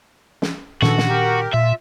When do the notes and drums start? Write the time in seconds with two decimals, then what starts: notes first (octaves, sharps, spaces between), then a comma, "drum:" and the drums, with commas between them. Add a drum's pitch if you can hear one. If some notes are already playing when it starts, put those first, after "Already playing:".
0.42 drum: snare
0.82 A#2 D#3 E3 D4 F#4 A4, drum: snare
0.98 drum: snare
1.08 G4 A#4
1.54 A#2 F4 E5